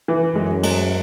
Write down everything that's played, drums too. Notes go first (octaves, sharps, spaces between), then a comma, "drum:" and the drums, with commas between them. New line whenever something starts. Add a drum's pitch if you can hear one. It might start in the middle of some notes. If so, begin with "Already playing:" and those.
E3
F#2 G#3
G#3, drum: cymbal